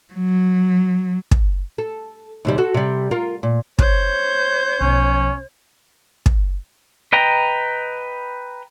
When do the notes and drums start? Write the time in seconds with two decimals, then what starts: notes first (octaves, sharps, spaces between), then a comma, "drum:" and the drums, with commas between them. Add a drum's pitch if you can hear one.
0.13 F#3
1.31 drum: kick
1.78 A4
2.45 D#2 C3 G3
2.58 F#4 A4
2.74 C3 G3
3.11 F4 A#4
3.43 A#2
3.79 C5 C#5 G6, drum: kick
4.81 B1 F3 C#4
6.26 drum: kick
7.13 B4 D#5 G5 A#5